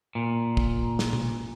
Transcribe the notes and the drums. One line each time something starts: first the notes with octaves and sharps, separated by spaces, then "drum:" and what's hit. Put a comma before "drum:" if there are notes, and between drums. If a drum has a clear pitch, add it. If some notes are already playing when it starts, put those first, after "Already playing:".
A#2
drum: kick
drum: snare
drum: tom B2